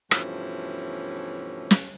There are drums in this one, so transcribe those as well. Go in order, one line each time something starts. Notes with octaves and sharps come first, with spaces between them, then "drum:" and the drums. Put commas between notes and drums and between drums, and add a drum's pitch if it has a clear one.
G2 B2 E3 F3 A3 C#4, drum: rim click
drum: snare